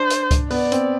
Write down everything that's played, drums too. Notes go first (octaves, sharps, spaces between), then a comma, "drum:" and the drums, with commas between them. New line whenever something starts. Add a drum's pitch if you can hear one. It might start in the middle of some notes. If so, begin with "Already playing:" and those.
Already playing: D4 C5
drum: hi-hat
drum: kick C#2, hi-hat
B3 D5, drum: open hi-hat
C4, drum: hi-hat